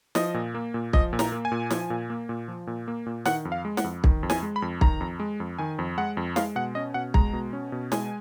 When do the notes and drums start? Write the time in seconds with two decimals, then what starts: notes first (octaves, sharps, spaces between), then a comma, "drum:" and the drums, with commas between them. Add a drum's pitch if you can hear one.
0.15 F3 D#5, drum: snare
0.34 A#2
0.55 A#3
0.74 A#2
0.93 F3 D#5, drum: kick
1.13 A#2
1.19 A#5, drum: snare
1.32 A#3
1.45 G#5
1.52 A#2
1.70 F3, drum: snare
1.90 A#2
2.10 A#3
2.29 A#2
2.48 F3
2.67 A#2
2.88 A#3
3.06 A#2
3.25 D#3 F#5, drum: snare
3.45 F2
3.52 F5
3.65 G#3
3.77 F#5, drum: snare
3.84 F2
4.04 D#3, drum: kick
4.23 F2
4.30 G#5, drum: snare
4.43 G#3
4.56 B5
4.62 F2
4.81 D#3 A#5, drum: kick
5.01 F2
5.20 G#3
5.40 F2
5.59 D#3 G#5
5.79 F2
5.98 G#3 F#5
6.17 F2
6.36 G#3 F5, drum: snare
6.56 B2 F#5
6.75 C#4 D#5
6.94 B2 F#5
7.14 G#3 A#5, drum: kick
7.33 B2
7.53 C#4
7.72 B2
7.92 G#3 G#5, drum: snare